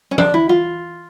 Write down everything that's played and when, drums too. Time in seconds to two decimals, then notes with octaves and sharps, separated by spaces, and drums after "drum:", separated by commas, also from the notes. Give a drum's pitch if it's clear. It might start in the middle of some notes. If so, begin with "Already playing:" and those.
0.11 C#4
0.18 D4, drum: tom
0.34 E4
0.49 F4